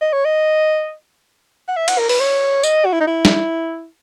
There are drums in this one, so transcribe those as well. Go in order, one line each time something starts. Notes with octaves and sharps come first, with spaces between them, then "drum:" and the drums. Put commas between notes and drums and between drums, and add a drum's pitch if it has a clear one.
D#5
C#5
D#5
F#5
E5
F#5, drum: cymbal
A#4
B4, drum: open hi-hat
C#5
D#5, drum: tambourine
F#4
E4
D#4
E4
drum: snare